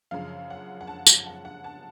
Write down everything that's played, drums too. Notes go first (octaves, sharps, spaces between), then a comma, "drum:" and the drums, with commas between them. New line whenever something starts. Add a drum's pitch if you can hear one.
F#2 C#3 F3 F5
F#5
F#5
A5
A5, drum: tambourine
F#5
F#5
A5